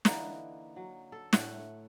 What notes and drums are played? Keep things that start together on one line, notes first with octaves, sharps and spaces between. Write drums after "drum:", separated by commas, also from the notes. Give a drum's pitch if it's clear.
D3 E3 A#3 D#4, drum: snare
F#3
A4
A2 A3 F#5, drum: snare